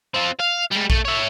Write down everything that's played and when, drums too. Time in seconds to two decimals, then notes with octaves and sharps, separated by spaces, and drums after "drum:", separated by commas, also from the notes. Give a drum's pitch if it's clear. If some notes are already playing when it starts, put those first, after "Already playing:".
0.14 C4 F4
0.39 F5
0.71 G3 G#3
0.90 A3, drum: kick A#1
1.05 C#5 E5